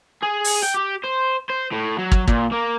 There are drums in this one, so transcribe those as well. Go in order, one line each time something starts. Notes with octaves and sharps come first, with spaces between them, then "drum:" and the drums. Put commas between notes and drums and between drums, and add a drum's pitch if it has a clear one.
G#4
drum: open hi-hat
G5
G4
C5
C5
A2
F#3
drum: kick
A#2, drum: kick
A#3